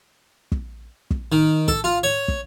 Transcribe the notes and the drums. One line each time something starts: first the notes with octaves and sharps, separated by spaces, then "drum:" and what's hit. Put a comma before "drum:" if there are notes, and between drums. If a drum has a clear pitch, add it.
drum: kick
drum: kick
D#3
A4, drum: kick
F4
C#5
drum: kick